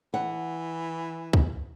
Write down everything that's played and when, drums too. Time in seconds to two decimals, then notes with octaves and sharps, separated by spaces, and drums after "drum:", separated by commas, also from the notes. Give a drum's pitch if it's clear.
0.14 E3 F#5
1.33 drum: kick